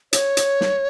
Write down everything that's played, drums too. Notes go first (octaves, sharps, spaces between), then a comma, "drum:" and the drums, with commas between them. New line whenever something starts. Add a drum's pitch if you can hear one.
C#5, drum: hi-hat
drum: hi-hat
drum: snare